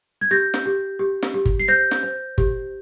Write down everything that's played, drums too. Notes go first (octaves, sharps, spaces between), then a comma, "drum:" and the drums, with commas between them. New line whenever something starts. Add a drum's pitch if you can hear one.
G#6
G4 G6 A#6
drum: snare
G4
G4
drum: snare
G4
drum: kick G1
C7
C5 G6 A#6
drum: snare
C5
G4, drum: kick G1